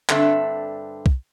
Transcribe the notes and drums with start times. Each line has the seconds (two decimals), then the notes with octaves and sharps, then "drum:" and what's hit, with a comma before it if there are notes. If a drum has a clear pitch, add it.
0.09 G2 D3 C4 D4 A4 E5, drum: clap
1.06 drum: kick